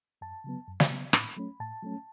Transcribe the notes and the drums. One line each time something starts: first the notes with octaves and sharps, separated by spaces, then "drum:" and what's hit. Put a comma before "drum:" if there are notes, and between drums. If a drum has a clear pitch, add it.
F#2 A5
C#3 F#3 B3
F#2
drum: snare
C#3 F#3 B3
A2 B5, drum: rim click
F#3 A3 C#4
A2 A5
F#3 A3 C#4